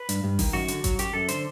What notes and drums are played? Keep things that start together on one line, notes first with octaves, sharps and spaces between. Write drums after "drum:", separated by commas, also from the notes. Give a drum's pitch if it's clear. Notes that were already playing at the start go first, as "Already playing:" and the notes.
Already playing: B4
G2, drum: hi-hat
G2
D#3, drum: kick G#1, open hi-hat
F#2 F#4
D3, drum: hi-hat
F#3, drum: kick G#1, hi-hat
F#2 G4, drum: hi-hat
F#2 A4
D3 C5, drum: hi-hat